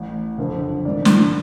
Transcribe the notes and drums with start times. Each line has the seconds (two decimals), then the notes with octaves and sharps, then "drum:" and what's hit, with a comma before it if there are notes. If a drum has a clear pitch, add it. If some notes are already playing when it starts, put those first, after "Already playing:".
Already playing: A1 A2
0.38 F#1 F2 D3
0.85 G#1 G#2 D5
1.05 drum: snare